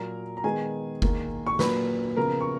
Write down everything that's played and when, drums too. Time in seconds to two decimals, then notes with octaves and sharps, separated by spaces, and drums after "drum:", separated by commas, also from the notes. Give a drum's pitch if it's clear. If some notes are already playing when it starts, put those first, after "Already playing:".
Already playing: A#2 F#3 A#3 A#4 A#5
0.37 A#5
0.44 D#3 G#3 B3 G#4 G#5
1.02 D#3 A#3, drum: kick F#1
1.47 C#6
1.59 A#2 F#3 A#3 B4 B5, drum: snare
2.17 C#3 F3 B3 A#4 A#5
2.41 C#6